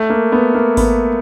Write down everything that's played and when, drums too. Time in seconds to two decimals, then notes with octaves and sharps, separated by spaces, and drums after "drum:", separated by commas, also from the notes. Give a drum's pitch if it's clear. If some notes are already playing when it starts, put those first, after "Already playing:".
Already playing: A3
0.10 A#3
0.32 B3
0.55 A#3
0.77 B3, drum: kick G#1, open hi-hat